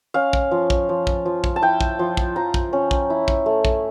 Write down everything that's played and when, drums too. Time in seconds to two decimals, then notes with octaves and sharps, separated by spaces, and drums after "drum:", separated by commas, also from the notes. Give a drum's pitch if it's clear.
0.14 C#4 F5
0.33 drum: kick
0.51 F3
0.70 drum: kick
0.89 F3
1.07 drum: kick
1.25 F3
1.44 drum: kick
1.56 A5
1.62 E4 G5
1.81 drum: kick
1.99 F3
2.17 drum: kick
2.36 F3 A#5
2.54 drum: kick
2.73 C#4
2.91 drum: kick
3.10 E4
3.28 drum: kick
3.46 A3
3.65 drum: kick